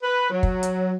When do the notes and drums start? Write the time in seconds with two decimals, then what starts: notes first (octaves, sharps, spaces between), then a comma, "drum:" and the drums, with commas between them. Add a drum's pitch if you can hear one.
0.03 B4
0.31 F#3
0.43 drum: kick
0.63 drum: hi-hat